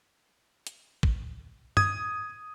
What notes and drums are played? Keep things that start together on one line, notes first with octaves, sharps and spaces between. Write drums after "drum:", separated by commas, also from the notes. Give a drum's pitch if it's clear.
drum: hi-hat
drum: kick
D#6 G#6, drum: tom G2